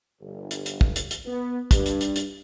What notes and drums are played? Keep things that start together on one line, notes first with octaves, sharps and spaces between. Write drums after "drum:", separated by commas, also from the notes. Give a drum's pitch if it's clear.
G1
drum: hi-hat
drum: hi-hat
drum: kick
drum: hi-hat
drum: hi-hat
B3
G2, drum: kick, hi-hat
drum: hi-hat
drum: hi-hat
drum: hi-hat